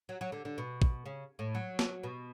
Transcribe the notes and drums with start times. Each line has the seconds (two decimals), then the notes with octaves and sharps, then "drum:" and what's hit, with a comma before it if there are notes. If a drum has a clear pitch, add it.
0.09 F#3
0.21 F#3
0.32 D3
0.45 D3
0.58 B2
0.82 drum: kick
1.06 C#3
1.39 A2
1.55 F#3
1.79 drum: snare
2.03 B2